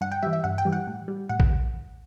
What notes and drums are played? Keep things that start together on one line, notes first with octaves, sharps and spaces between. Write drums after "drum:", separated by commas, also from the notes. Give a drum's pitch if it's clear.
G2 F#5
G5
E3 G3 E5
E5
G2 F#5
G5
E3 G3
F#5
A2
G3
A2 F#5
drum: kick